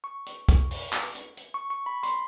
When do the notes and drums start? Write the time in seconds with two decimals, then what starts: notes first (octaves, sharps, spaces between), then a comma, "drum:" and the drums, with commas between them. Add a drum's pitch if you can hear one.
0.04 C#6
0.26 drum: hi-hat
0.49 drum: kick, hi-hat
0.71 drum: open hi-hat
0.93 drum: clap
1.15 drum: hi-hat
1.37 drum: hi-hat
1.54 C#6
1.70 C#6
1.86 B5
2.03 C6, drum: hi-hat